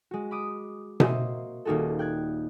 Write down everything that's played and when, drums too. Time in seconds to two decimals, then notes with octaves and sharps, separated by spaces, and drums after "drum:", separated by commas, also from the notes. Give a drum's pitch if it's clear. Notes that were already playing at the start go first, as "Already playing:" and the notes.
0.11 G#3 F#4
0.31 B5 D6 D#6
1.00 A#3 F#4 C5 D#5 E5, drum: tom B2
1.65 D#1 A#3 D#4 F#4 G#4 A4
1.99 G5 F#6 G#6